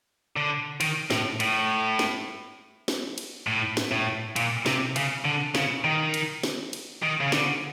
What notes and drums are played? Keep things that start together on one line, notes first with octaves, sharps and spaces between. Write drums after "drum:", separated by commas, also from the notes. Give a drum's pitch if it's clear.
D3
D#3, drum: cymbal
A2, drum: snare
A2, drum: cymbal
drum: snare
drum: snare
drum: cymbal
A2
drum: snare
A2
A#2, drum: cymbal
C3, drum: snare
C#3, drum: cymbal
D3
C#3, drum: snare
D#3
drum: cymbal
drum: snare
drum: cymbal
D#3
C#3
D3, drum: snare